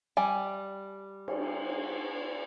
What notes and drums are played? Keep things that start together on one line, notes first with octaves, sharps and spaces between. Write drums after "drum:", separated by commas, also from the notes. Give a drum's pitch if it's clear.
G3 G5 G#5
drum: cymbal